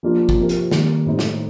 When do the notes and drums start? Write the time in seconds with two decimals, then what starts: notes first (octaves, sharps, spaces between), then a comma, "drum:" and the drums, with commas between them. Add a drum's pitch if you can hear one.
0.03 F3 A#3 D4 F4
0.29 drum: kick
0.38 C3 F3 C4 G4 A#4
0.49 drum: hi-hat
0.71 D#3 G3 A#3, drum: snare
1.06 A2 G3 C4 D#4 G4
1.19 drum: snare